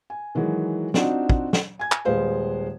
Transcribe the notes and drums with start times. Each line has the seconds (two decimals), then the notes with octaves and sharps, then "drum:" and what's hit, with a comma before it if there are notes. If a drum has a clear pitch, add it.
0.10 G#5
0.35 D#3 E3 F#3 G#3
0.94 C4 D4 D#4 F4 F#4, drum: snare
1.30 drum: kick
1.53 drum: snare
1.79 G#5 G#6
1.92 drum: clap
2.05 D#1 G#3 B4 C5 F5